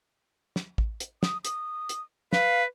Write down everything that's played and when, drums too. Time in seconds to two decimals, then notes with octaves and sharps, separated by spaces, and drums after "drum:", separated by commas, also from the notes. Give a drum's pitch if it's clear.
0.56 drum: snare
0.78 drum: kick A1
1.00 drum: hi-hat
1.23 D#6, drum: snare
1.45 D#6, drum: hi-hat
1.89 drum: hi-hat
2.33 B4 F5, drum: snare